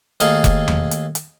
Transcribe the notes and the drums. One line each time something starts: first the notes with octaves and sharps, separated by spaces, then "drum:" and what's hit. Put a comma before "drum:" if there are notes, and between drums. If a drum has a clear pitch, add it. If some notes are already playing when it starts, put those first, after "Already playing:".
D#2 A3 D#4 G#4 A4 F5, drum: hi-hat
drum: kick F1, hi-hat
drum: tom E2
drum: hi-hat
drum: hi-hat